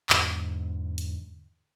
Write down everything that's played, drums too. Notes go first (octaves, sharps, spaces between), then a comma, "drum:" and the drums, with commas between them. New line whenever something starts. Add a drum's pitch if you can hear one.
E2 G#2 D3, drum: clap
drum: hi-hat